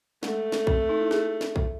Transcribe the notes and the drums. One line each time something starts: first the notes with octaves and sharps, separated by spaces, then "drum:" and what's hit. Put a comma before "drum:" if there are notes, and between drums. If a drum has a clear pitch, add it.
G#3 A3, drum: snare
drum: snare
C4, drum: kick A#1
D#4
E4
G#4, drum: snare
drum: snare
drum: kick A#1